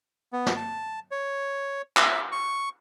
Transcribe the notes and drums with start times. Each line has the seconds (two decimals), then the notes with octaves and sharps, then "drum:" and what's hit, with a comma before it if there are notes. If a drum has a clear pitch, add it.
0.33 B3
0.46 drum: snare
0.56 A5
1.11 C#5
1.97 E5, drum: clap
2.32 C#6